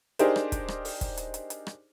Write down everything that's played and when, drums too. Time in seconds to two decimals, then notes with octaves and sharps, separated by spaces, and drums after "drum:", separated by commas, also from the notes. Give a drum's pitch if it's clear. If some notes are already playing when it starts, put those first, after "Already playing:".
0.19 D4 D#4 G4 G#4 A#4 C5, drum: hi-hat
0.36 drum: rim click
0.52 drum: kick, hi-hat
0.68 drum: rim click
0.85 drum: open hi-hat
1.01 drum: kick, hi-hat
1.17 drum: hi-hat
1.34 drum: hi-hat
1.50 drum: hi-hat
1.67 drum: rim click